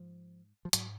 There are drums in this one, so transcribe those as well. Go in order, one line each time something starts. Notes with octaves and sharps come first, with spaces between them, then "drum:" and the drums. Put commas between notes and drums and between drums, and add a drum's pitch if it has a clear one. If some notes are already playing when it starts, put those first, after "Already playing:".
Already playing: G#2 F3
F3
G#2 F#3, drum: hi-hat